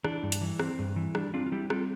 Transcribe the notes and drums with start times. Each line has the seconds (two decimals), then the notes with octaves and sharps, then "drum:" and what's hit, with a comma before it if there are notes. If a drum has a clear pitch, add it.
0.04 E3 D4, drum: rim click
0.23 G2
0.32 drum: hi-hat
0.41 E3
0.59 C4, drum: rim click
0.79 G2
0.96 E3
1.15 G3 D4, drum: rim click
1.34 C4 D4 F4
1.46 F4
1.52 G3 E4 G4
1.70 C4 F4 A4, drum: rim click